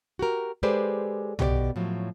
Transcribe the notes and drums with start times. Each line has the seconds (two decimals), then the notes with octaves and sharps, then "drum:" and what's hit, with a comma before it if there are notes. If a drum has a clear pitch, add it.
0.19 F#4 G4 A#4
0.63 G#3 G4 A4 B4 C5 D5
1.39 B2 G4 C#5 D5, drum: tom B1
1.76 A2 F3 F#3